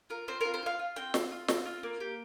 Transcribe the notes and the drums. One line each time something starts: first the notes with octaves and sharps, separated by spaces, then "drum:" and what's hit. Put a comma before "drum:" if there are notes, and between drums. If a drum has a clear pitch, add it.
F4 A#4
C4 C5
F4 A#4
C5
F4 F5
F4
C4 G5
C4, drum: snare
F4
C4, drum: snare
F4
A#3
G4